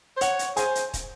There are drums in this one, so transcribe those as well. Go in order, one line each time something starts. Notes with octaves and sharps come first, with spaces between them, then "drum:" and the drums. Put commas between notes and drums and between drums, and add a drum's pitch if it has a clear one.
C5
C#5 F#5, drum: hi-hat
drum: hi-hat
G#4 C5 G#5, drum: hi-hat
drum: hi-hat
drum: kick, hi-hat